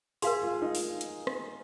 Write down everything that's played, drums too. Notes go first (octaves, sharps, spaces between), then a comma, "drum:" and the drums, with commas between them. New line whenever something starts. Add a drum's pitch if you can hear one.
G#4 A#4 F5 C6, drum: open hi-hat
F4
D#4
drum: open hi-hat
drum: hi-hat
drum: rim click